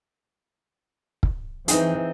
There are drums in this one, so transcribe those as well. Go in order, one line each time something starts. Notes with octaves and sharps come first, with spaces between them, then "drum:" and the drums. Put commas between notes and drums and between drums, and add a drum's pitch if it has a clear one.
drum: kick
E3 C4 D#4 G#4, drum: hi-hat